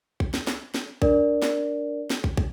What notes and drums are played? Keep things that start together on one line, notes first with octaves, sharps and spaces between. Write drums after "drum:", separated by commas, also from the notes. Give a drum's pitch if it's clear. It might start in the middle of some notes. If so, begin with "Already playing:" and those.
drum: kick
drum: snare
drum: snare
drum: snare
D4 A#4 D5, drum: kick
drum: snare
drum: snare
drum: kick
drum: kick